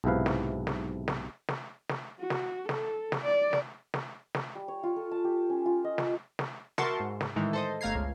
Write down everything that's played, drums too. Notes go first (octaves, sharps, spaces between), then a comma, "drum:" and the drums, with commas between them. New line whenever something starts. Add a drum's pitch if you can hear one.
B1 G#2 C3 E4 B4 F5
drum: snare
drum: snare
drum: snare
drum: snare
drum: snare
F#4
drum: snare
A4, drum: snare
drum: snare
D5
drum: snare
drum: snare
drum: snare
G3
C#5
F4
A4
A5
G4
C#4
F4
D#5
A5, drum: snare
drum: snare
F#4 A#4 E5 A5 C6 C#6, drum: snare
G#2
drum: snare
A2 D#3 E3 G#3 D#4
A4 C5 D#5
G1 A3 F5 A#5 G#6 C7
C#2